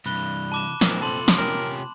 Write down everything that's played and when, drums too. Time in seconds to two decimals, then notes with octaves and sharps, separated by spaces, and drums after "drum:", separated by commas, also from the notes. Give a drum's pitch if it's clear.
0.06 G2 C3 E3 B5 F#6 G7
0.52 A5 D6 E7
0.81 A#2 F3 C4 E4 A#4, drum: snare
1.02 C3 F4 A4 A5 C6 F#7
1.28 drum: snare
1.38 C#4 G4 A#4